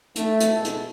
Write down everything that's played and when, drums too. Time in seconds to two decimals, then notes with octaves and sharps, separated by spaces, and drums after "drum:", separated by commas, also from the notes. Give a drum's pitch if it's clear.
0.16 A3, drum: hi-hat
0.40 drum: hi-hat
0.53 B2 G#3 A4
0.65 drum: hi-hat